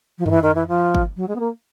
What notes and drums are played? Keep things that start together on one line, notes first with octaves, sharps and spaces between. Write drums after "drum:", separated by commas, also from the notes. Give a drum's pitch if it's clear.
F3
D#3, drum: tom F#2
E3
D#3
E3
F3
drum: kick
F#3
G#3
B3
A#3